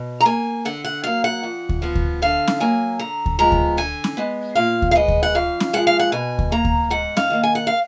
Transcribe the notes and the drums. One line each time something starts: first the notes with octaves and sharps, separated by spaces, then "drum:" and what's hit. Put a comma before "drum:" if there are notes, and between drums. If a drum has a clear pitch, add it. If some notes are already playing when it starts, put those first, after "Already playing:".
Already playing: B2
A#5
A#3 G#5
D3 F#5
F#5
F#3 A#3 F5
F#5
F2
drum: kick D2
F3 B3
drum: kick D2
D3 F5
drum: snare C#4
F#3 A#3 G#5
D3 A#5
drum: kick D2
F3 G#3 B3 A#5
drum: kick D2
D3 G#5
drum: snare C#4
G#3 B3
A#2 F5
drum: kick D2
F5
G#3 B3 D#5
drum: kick D2
F#5
F2 F5
drum: snare C#4
F3 G#3 F#5
F5
F#5
B2 G#5
drum: kick D2
A#3 A#5
drum: kick D2
G#2 F#5
F5, drum: snare C#4
D#3 A#3
G#5
F#5
F5